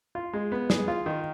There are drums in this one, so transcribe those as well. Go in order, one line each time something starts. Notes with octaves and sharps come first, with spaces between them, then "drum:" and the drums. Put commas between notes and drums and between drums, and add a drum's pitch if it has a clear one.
F4
G#3
B3
G#4, drum: snare
F4
D#3